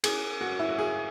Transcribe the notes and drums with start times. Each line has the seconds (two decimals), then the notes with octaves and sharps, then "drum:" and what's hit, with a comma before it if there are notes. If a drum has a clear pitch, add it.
0.04 G#4, drum: cymbal
0.41 F#4
0.59 E4
0.69 F#4
0.78 G#4